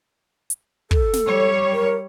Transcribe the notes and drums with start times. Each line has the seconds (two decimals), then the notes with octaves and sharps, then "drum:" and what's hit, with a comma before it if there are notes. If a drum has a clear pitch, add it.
0.50 drum: hi-hat
0.91 A4, drum: kick
1.13 drum: snare
1.25 G3 C#5
1.73 A#4